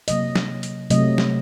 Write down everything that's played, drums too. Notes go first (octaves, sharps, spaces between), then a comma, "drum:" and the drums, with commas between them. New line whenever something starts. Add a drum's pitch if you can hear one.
C3 F#3 A#3 D#5, drum: hi-hat
drum: snare
drum: hi-hat
C3 F#3 A3 D#5, drum: hi-hat
drum: snare